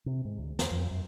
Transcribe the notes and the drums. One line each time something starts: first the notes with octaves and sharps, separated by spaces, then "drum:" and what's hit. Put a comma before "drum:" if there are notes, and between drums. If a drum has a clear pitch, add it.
C3
G#2
D2
E2, drum: snare
F2
F#2